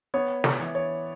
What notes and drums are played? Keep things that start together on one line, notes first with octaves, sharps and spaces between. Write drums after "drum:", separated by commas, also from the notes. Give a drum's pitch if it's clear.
B3 C#5
D5, drum: snare
E3
C#5